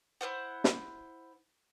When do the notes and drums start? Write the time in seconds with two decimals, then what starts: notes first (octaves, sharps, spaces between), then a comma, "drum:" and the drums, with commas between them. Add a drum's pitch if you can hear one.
0.21 E4 B4 C5 F#5
0.64 drum: snare